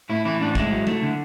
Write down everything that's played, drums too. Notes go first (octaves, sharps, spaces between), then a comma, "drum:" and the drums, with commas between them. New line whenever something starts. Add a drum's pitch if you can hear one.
A2 E4
E3 E4
A2 D4
G#3 E4, drum: kick
F#3
A3, drum: tom F#3
D3